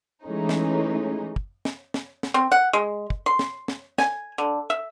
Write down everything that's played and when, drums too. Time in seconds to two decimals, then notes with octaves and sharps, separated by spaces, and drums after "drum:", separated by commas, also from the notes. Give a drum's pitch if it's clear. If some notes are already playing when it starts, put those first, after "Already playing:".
0.24 E3 G#3 A3 C#4 D#4
0.49 drum: snare
1.36 drum: kick
1.65 drum: snare
1.94 drum: snare
2.23 drum: snare
2.34 C4
2.52 F#5
2.73 G#3
3.10 drum: kick
3.26 C6
3.39 drum: snare
3.68 drum: snare
3.98 G#5, drum: snare
4.38 D3
4.70 E5